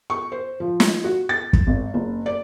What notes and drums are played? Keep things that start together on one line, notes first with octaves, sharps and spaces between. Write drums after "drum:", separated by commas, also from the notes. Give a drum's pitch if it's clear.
C#6
C5
F3
drum: snare
F#4
A6
drum: kick
G#1
F#1
D5